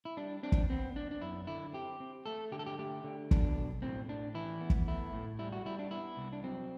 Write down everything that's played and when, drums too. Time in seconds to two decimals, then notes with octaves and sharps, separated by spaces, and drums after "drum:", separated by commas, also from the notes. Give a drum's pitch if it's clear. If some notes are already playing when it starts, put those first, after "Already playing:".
0.05 E4
0.17 G3 D4
0.43 C4 D4
0.52 drum: kick
0.70 B3 C4
0.96 B3 D4
1.11 D4
1.21 F#2 E4
1.47 D3 E4
1.73 C4 G4
2.00 C4
2.26 A3 A4
2.52 D3 G4
2.59 A4
2.67 G4
2.79 A3 G4
3.04 D3
3.31 B2 D4, drum: kick
3.57 B1
3.82 A2 C4
4.08 A2 D4
4.35 E3 E4
4.61 B3
4.70 drum: kick
4.88 A3 E4
5.14 A2
5.39 G3 E4
5.52 F#4
5.65 G3 E4
5.79 D4
5.91 B3 E4
6.17 C2
6.33 D4
6.44 F#3 C4